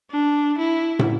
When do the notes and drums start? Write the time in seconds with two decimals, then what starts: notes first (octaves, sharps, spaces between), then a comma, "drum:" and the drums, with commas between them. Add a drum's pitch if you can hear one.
0.11 D4
0.58 E4
0.99 drum: tom